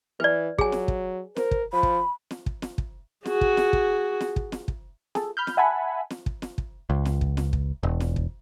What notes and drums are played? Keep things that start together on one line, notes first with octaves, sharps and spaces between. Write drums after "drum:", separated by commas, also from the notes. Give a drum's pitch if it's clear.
E3 B4 D5
F#3 G#4 G#5, drum: kick
drum: snare
drum: kick
A#4 C5, drum: snare
drum: kick
F3 B5
drum: kick
drum: snare
drum: kick
drum: snare
drum: kick
F#4 G#4, drum: snare
drum: kick
drum: snare
drum: kick
drum: snare
drum: kick
drum: snare
drum: kick
G#4 A4, drum: snare
B5 F6 G6
drum: snare
E5 F#5 G#5 A5 B5
drum: snare
drum: kick
drum: snare
drum: kick
C#2
drum: snare
drum: kick
drum: snare
drum: kick
E1
drum: snare
drum: kick